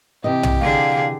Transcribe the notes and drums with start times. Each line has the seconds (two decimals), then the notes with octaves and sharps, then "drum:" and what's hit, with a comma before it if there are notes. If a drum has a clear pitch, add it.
0.24 C3 E3 G4 D#5
0.43 drum: tom
0.60 D3 G#4 F5